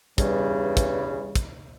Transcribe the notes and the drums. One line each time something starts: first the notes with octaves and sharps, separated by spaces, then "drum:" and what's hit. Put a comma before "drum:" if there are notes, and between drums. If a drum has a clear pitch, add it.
E2 G2 C#3 G3, drum: kick, hi-hat
drum: kick, hi-hat
drum: kick, hi-hat